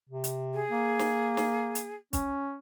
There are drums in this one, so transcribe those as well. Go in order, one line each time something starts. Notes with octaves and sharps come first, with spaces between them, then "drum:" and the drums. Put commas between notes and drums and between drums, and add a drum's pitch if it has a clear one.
C3
drum: hi-hat
G#4
A#3
drum: snare
drum: snare
drum: hi-hat
C#4, drum: kick, hi-hat